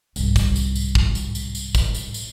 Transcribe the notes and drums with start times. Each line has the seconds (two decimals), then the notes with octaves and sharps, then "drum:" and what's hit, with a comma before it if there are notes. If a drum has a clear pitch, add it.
0.16 C2 G#2, drum: tambourine
0.36 drum: kick, tambourine
0.56 drum: tambourine
0.75 drum: tambourine
0.95 drum: kick
1.15 drum: tambourine
1.35 drum: tambourine
1.55 drum: tambourine
1.75 drum: kick, tambourine
1.94 drum: tambourine
2.14 drum: tambourine